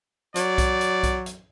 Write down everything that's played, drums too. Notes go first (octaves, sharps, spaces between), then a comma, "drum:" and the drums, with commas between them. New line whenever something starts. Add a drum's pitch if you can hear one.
F#3 D5, drum: hi-hat
drum: kick B1, hi-hat
drum: hi-hat
drum: kick B1, hi-hat
drum: hi-hat